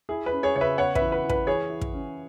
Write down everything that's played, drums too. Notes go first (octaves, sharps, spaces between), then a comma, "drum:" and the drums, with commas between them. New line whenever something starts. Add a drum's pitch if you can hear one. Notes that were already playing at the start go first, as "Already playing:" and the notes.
E4 G#4
B4
C#4
G#4 C#5
C#3 C#5
B4 E5
B3 C#5 F#5
B4 E5, drum: kick
E3
B4
E3
B4, drum: kick
E3 G#4 C#5
E4
drum: kick
C#4